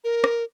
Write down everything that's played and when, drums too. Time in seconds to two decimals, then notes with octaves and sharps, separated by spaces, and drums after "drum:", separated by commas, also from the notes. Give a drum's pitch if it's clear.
0.04 A#4
0.24 drum: rim click